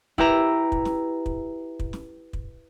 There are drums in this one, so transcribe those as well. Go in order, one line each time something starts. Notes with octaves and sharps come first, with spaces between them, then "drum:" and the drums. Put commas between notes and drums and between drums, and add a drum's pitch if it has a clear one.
E4 G4 B4 E5 A#5, drum: kick
drum: kick
drum: snare
drum: kick
drum: kick
drum: snare
drum: kick